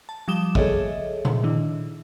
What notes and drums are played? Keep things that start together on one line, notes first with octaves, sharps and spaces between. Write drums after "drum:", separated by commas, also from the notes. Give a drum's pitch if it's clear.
A5
F3 G3 D6 D#6 E7 G7
G#4 A4 C#5 D#5 E5, drum: kick
drum: tom A#2
D#3 D4 E4